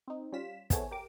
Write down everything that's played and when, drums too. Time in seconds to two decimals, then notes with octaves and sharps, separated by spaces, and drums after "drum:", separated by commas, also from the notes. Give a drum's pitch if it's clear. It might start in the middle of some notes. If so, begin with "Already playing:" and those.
0.08 C4 D#4
0.33 G3 C#4 F4 B6 E7
0.70 B3 C4 E4 G#4 A4 C#5, drum: kick, hi-hat
0.91 G4 A#4 D6